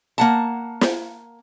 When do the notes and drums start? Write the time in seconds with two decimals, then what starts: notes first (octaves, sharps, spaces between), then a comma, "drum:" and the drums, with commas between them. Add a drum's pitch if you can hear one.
0.18 A#3 F#5 A5
0.81 drum: snare